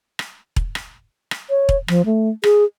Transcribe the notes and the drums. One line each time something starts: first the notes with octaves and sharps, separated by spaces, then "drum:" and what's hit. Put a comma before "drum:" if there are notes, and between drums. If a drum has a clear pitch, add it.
drum: rim click
drum: kick E1
drum: rim click
drum: rim click
C#5
drum: kick E1
F3, drum: rim click
A3
G#4, drum: rim click